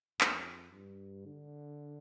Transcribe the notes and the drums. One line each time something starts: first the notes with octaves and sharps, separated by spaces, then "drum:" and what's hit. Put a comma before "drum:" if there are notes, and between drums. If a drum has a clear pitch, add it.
F2, drum: clap
G2
D3